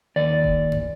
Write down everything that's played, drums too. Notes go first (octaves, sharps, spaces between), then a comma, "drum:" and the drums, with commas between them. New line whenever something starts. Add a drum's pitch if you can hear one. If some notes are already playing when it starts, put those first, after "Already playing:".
D#2 D5
drum: kick E1
drum: tom F#2